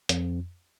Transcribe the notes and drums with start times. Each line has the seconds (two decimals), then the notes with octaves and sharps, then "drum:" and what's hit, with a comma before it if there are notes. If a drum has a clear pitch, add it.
0.09 F2, drum: hi-hat